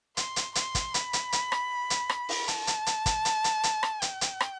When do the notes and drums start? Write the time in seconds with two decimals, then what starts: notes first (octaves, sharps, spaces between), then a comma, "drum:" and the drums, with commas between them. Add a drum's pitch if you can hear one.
0.17 C6, drum: hi-hat
0.36 drum: hi-hat
0.55 C6, drum: hi-hat
0.75 drum: kick, hi-hat
0.94 B5, drum: hi-hat
1.13 drum: hi-hat
1.32 drum: hi-hat
1.52 drum: rim click
1.90 drum: hi-hat
2.09 drum: rim click
2.29 drum: open hi-hat
2.48 A5, drum: hi-hat
2.67 drum: hi-hat
2.86 drum: hi-hat
3.06 drum: kick, hi-hat
3.25 drum: hi-hat
3.44 drum: hi-hat
3.63 drum: hi-hat
3.83 drum: rim click
4.02 G5, drum: hi-hat
4.21 drum: hi-hat
4.40 drum: rim click